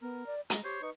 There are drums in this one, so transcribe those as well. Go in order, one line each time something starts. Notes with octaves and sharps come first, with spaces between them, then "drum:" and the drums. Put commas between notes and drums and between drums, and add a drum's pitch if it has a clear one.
B3 A#4
D5
G#3 A#5, drum: hi-hat
G4 C5 C#5
D#4 B4 C#6